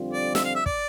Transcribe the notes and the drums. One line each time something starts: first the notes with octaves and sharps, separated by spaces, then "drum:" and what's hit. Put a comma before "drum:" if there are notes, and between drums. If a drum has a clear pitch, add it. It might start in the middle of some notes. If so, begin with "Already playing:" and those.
Already playing: F2 D3 G3 C4 F4
D5
E5, drum: snare
F5
E5
D5, drum: kick